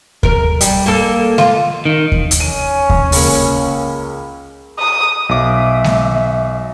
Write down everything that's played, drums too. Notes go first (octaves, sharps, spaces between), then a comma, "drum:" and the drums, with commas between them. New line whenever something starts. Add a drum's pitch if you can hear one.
A#4, drum: kick D#2
G3, drum: hi-hat
A#3 A4
F4, drum: snare G#3
D#3
drum: kick D#2
drum: hi-hat
C#4 D#7
drum: kick D#2
C#2 A#3, drum: open hi-hat
D#6
B1 E5 D6
drum: snare G#3